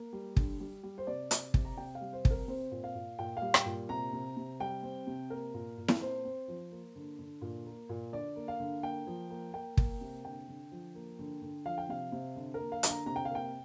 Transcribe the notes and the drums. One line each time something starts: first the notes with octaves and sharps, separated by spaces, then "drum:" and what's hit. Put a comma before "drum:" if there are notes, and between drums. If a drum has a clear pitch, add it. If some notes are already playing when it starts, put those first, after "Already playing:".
Already playing: A#3
G3
D3, drum: kick
G3
G3
C5
C3 D5
C3, drum: hi-hat
C3, drum: kick
A#5
C3 G5
F5
G3
C5
C3, drum: kick
A#4
C4 C5
A#2
F5
A#2
A#2 G5
F5
G3
G5, drum: rim click
A#2
C3 A#5
C3
C3
G3 G5
C4
C3
A#3 A#4
A#2
A#2
drum: snare E4
C4 C5
C4
F3
A#3
D3
D3
A#2
A#3
A#2
D3 D5
A#3
F5
D3
A#3 G5
F3
A#3
A#3 G5
A#3, drum: kick
C3
D3 G5
D3
F3
A#3
D3
D3
F3 F5
G5
C3 F5
C3
D3
A#4
A#3
F5
D3, drum: hi-hat
A#5
C3 A#5
G5
F5
A#3
G5